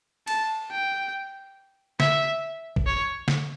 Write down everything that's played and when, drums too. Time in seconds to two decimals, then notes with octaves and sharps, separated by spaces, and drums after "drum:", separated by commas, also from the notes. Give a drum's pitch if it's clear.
0.27 A5, drum: cymbal
0.72 G5
2.00 E5, drum: snare
2.76 drum: kick
2.87 C#5
3.28 drum: snare